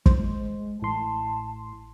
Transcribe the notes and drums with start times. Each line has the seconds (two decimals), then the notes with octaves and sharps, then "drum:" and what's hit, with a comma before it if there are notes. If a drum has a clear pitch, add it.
0.06 G#3 C5, drum: kick
0.82 A1 A2 A5 C6